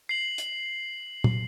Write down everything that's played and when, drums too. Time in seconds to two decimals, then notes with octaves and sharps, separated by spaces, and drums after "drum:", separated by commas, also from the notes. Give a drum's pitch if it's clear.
0.09 C7 F#7
0.38 drum: hi-hat
1.24 drum: tom